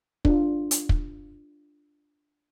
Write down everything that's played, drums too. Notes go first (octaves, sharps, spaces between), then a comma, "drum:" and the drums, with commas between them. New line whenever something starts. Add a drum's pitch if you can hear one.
D4 F4, drum: kick
drum: hi-hat
drum: kick